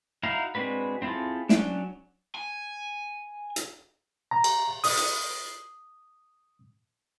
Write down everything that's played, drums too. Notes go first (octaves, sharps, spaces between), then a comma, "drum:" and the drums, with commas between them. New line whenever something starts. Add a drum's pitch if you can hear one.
D#4 E4 F#4 F5 A#5
G#3 C4 D4 F#4 B4
C4 E4 F4 G#4 A4
F#3 C#4 D4, drum: snare
G#5
drum: hi-hat
A#5
drum: cymbal
D#6, drum: open hi-hat
drum: hi-hat